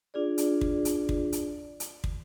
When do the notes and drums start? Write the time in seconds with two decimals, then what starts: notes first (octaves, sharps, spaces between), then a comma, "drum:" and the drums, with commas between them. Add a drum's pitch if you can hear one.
0.14 D4 F4 G#4 D5
0.38 drum: hi-hat
0.61 drum: kick
0.85 drum: hi-hat
1.09 drum: kick
1.32 drum: hi-hat
1.80 drum: hi-hat
2.04 drum: kick